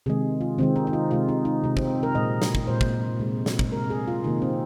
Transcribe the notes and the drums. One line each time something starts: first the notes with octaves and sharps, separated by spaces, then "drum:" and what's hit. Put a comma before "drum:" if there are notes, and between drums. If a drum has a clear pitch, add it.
C3 D#3 G#3 G#4
F4
C3 D#3 G#3 C4
D#4
D#4
F4
C3 G#3 F4
D#4
D#4
C3 G#3
C4, drum: kick
A#4
A#2 G#3 D#5
drum: snare
drum: kick
A#2 G#3 C5
drum: kick
C3 G#3
drum: snare
drum: kick
C3 G#3 A#4
G#4
F4
C3 D#3 A#3 D#4
C4